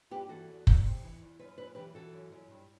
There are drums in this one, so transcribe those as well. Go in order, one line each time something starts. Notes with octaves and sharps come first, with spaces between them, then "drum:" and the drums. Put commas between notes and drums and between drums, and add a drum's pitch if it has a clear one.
G2 G4 B4
E3 F#4 A4
E2
E2, drum: kick
C3
E3
E2
F#2 B4
F#2 B4
E3 G4 B4
E3 F#4 A4
F#2
F#2
G2